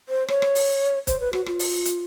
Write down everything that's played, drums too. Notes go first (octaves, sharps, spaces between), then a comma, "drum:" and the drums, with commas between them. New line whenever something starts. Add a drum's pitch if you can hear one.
C5
C#5, drum: rim click
drum: rim click
drum: open hi-hat
C5, drum: kick, hi-hat
B4
F#4, drum: rim click
F4, drum: rim click
drum: open hi-hat
drum: hi-hat